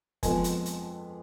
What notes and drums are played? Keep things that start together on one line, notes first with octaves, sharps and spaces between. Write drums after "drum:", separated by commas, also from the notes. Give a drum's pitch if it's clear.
F2 F3 G#3 B3 G#5, drum: kick F1, hi-hat
drum: hi-hat
drum: hi-hat